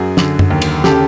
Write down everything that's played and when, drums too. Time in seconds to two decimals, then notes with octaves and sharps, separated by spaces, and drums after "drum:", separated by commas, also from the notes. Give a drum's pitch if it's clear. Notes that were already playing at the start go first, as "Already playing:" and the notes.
Already playing: F#2 F#4 G#4
0.17 D3, drum: snare
0.39 drum: tom F#2
0.50 D#2
0.62 drum: cymbal
0.84 C#3 G4 A4, drum: snare